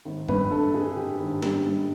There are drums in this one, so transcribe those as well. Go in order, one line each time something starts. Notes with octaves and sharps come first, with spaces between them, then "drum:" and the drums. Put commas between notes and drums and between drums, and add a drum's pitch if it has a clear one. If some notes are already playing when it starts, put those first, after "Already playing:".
G#1
G2 B4, drum: tom G2
D3 A4
D3 G#4
D3 G4
G#1
G2 G4, drum: snare
G2